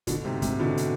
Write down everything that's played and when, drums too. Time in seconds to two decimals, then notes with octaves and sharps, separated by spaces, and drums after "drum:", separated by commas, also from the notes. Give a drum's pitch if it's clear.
0.07 B2 D3, drum: kick, hi-hat
0.25 G#2 C3
0.42 G#2 C3, drum: kick, hi-hat
0.59 B2 D3
0.77 drum: hi-hat